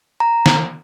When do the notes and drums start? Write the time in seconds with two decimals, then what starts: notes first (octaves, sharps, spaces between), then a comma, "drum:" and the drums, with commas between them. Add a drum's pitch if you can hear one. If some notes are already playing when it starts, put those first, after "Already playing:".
0.20 A#5
0.46 drum: snare